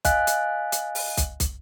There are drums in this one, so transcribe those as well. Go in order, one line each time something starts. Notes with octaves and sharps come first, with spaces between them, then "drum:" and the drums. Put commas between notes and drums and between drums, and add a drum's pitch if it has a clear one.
D#5 F5 G#5 F#6, drum: kick, hi-hat
drum: hi-hat
drum: hi-hat
drum: open hi-hat
drum: kick, hi-hat
drum: kick, hi-hat